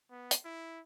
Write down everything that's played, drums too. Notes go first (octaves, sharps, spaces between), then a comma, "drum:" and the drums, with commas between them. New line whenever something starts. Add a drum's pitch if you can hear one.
B3
drum: hi-hat
E4